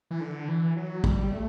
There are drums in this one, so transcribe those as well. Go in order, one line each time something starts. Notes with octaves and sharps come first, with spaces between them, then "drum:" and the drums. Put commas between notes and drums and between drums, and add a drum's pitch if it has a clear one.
E3
D3
E3
F#3
G3, drum: kick
A3